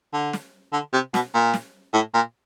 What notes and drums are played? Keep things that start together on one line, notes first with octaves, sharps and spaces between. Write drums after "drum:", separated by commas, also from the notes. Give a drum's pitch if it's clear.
D3
drum: snare
D3
C3
B2, drum: snare
A#2
drum: snare
A2
A#2